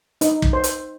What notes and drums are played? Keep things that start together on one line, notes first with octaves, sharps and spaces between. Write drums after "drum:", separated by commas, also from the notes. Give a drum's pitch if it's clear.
D#4, drum: hi-hat
drum: kick
C5
drum: hi-hat